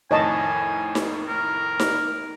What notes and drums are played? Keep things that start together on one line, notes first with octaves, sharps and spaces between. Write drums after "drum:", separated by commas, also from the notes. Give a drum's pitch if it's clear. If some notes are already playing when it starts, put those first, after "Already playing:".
F2 A2 D#3 C#5 D#5 G#5 A5
drum: snare D#4
A#4
drum: snare D#4